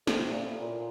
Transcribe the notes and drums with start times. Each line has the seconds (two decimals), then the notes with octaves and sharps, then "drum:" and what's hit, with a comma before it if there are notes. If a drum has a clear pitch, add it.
0.07 D3, drum: snare
0.12 C3
0.28 A#2
0.44 A2
0.61 A#2